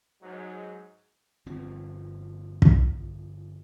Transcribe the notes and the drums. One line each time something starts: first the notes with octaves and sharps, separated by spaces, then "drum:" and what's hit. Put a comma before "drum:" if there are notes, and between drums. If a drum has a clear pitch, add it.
G#2 F#3
G1 F3 C4
drum: kick